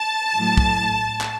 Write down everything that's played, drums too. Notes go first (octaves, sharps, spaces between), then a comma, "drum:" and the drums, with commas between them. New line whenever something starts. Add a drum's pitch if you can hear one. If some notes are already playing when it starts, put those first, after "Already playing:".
Already playing: A5
A2 F#3
drum: kick
drum: clap